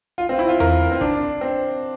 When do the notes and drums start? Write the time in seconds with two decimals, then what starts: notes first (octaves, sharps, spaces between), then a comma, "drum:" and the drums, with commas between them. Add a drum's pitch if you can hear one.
0.18 F4
0.29 C4
0.39 E4
0.49 F4
0.60 A#4, drum: tom E2
0.91 C4
1.01 D4, drum: kick
1.41 C4